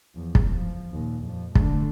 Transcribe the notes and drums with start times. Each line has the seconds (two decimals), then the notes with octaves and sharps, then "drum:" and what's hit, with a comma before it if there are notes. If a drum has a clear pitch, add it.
0.15 E2 F3
0.35 drum: kick
0.52 F3
0.92 D#2 A#2
1.24 F2 F3
1.55 D3 A3, drum: kick